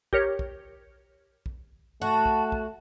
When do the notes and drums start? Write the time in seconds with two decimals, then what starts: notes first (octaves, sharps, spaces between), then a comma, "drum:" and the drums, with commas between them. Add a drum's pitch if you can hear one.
0.13 G4 A#4 C#5, drum: kick
0.39 drum: kick
1.46 drum: kick
2.02 A3 F#4 A5, drum: tom G2
2.26 drum: kick
2.52 drum: kick